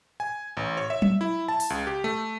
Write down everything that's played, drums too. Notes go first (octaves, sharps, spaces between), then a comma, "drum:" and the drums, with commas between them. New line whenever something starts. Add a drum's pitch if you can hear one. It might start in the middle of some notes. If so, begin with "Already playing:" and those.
G#5
A1
C#5
E5
drum: tom F#3
E4
A5
drum: open hi-hat
C#2
G4
A3